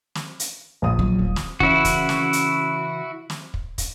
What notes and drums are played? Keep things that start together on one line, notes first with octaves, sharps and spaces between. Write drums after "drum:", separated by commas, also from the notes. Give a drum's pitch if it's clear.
drum: snare
drum: hi-hat
A#1 D#6
F#3
D#1
drum: snare
C#3 E3 C#4 E4 F#4, drum: kick
drum: kick, hi-hat
drum: snare
drum: hi-hat
drum: snare
drum: kick
drum: kick, hi-hat